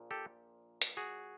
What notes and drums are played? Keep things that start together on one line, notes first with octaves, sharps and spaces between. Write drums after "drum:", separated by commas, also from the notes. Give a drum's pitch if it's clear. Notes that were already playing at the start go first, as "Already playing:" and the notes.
Already playing: A#1 A#2 F3
G4 A4
drum: hi-hat
F#4 G#4